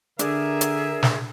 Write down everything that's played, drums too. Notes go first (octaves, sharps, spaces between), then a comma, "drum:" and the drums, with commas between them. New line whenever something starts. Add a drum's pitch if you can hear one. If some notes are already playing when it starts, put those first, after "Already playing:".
D3 D4 G#4 A#4 E5, drum: hi-hat
drum: hi-hat
drum: snare